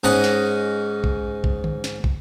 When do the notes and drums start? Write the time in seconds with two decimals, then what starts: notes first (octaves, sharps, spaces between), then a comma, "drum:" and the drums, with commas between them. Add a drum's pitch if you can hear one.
0.04 G#2 C#4 D#5 F#5 D#6
0.24 drum: snare
1.04 drum: kick
1.44 drum: kick
1.64 drum: tom D3
1.84 drum: snare
2.04 drum: kick